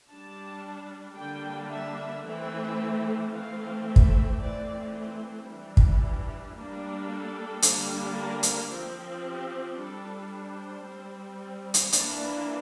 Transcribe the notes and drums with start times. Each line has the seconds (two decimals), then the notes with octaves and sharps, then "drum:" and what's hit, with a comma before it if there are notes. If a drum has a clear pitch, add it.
0.08 G3 D4 A5
1.16 D3 G3 A#3 D4 G5
1.70 E5
2.24 E3 A3 C4 E5
3.32 E3 A3 C4 F5
3.85 E5
3.96 drum: kick
4.39 E3 A3 C4 D5
4.93 C5
5.47 E3 G3 D4
5.77 drum: kick
6.55 G3 A#3 D4
7.08 A4
7.62 D3 G3 A#3 D4, drum: hi-hat
8.16 A#4
8.43 drum: hi-hat
8.70 F3 C4
9.24 G4
9.77 G3 D4 A4
10.31 C5
10.85 G3 C4
11.74 drum: hi-hat
11.93 E3 A#3 D4 D5, drum: hi-hat